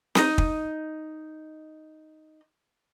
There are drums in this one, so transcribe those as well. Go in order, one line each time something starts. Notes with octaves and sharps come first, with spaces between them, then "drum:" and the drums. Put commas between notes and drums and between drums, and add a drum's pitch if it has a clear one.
D#4 C5 D#6, drum: snare C4
drum: kick